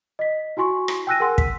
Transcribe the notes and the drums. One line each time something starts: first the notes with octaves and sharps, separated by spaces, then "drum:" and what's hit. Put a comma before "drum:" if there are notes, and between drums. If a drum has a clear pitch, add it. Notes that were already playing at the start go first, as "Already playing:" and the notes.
D#5 B6
E4 F#4 G#5 C6 C#6
drum: rim click
G5 G#5 E6 F#6 A#6 D#7
G#4 A#4 F#5 G#5 C6 E6
B6, drum: kick